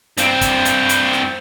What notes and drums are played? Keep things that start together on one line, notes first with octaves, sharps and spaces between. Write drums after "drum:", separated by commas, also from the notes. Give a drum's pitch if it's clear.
G2 C4, drum: hi-hat
drum: kick, hi-hat
drum: hi-hat
drum: hi-hat
drum: snare